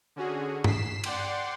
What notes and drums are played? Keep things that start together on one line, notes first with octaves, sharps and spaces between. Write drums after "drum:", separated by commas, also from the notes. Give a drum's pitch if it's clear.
D3 C#4 F#4 G#4
B6 C7 E7, drum: tom G2
D5 F#5 G5 C6 D6, drum: cymbal